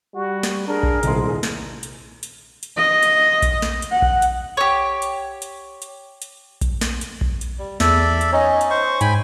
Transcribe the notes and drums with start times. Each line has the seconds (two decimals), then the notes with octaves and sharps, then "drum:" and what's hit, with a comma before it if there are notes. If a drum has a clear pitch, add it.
0.15 G3 F#4
0.43 drum: snare
0.68 D4 G#4 A#4
0.83 drum: kick A#1
1.03 D#1 C2 G#2 C6, drum: hi-hat
1.43 drum: snare
1.83 drum: hi-hat
2.23 drum: hi-hat
2.63 drum: hi-hat
2.77 D#5
3.03 drum: hi-hat
3.42 drum: kick A#1, hi-hat
3.62 drum: snare
3.82 drum: hi-hat
3.91 F#5
4.02 drum: kick A#1
4.22 drum: hi-hat
4.57 G4 C#5
5.02 drum: hi-hat
5.42 drum: hi-hat
5.82 drum: hi-hat
6.22 drum: hi-hat
6.61 drum: kick A#1, hi-hat
6.81 drum: snare
7.01 drum: hi-hat
7.21 drum: kick A#1
7.41 drum: hi-hat
7.58 G3
7.80 E2 A4 D5 E5, drum: snare
8.21 drum: hi-hat
8.32 C#4 D#4 C#5 D#5
8.61 drum: hi-hat
8.70 C5 C#6
9.01 G#2 G5 G#5 B5, drum: hi-hat